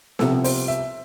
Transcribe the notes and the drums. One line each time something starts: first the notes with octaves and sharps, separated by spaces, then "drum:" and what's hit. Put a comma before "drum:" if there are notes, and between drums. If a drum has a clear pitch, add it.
C2 C3 F3 B3 A4, drum: snare
C5, drum: open hi-hat
E5